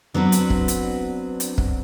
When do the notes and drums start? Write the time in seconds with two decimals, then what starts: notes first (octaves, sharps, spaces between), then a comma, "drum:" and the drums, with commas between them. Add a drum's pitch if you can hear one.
0.14 F#3 B3 C4 D4 F#4 B4
0.32 drum: hi-hat
0.50 drum: kick
0.68 drum: hi-hat
1.40 drum: hi-hat
1.58 drum: kick